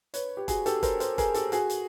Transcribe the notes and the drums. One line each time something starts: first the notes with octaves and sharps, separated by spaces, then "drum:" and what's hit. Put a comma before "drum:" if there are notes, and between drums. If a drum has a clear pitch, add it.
B4 C#5, drum: hi-hat
G4
F#4 G#4, drum: kick, hi-hat
G4 A4, drum: hi-hat
A#4 C5, drum: kick, hi-hat
A#4 C5, drum: hi-hat
G#4 A#4, drum: kick, hi-hat
G4 A4, drum: hi-hat
F#4 G#4, drum: hi-hat
drum: hi-hat